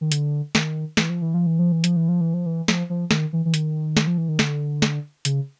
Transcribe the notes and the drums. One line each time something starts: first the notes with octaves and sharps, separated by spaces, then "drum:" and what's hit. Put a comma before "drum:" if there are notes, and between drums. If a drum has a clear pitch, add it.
D#3
D3, drum: hi-hat
D#3, drum: snare
E3, drum: snare
F3
E3
F3
E3
F3
E3
F3, drum: hi-hat
E3
F3
E3
F3
E3
F3, drum: snare
F3
D#3, drum: snare
E3
E3
D#3, drum: hi-hat
drum: snare
F3
E3
D#3
D3, drum: snare
drum: snare
C#3, drum: hi-hat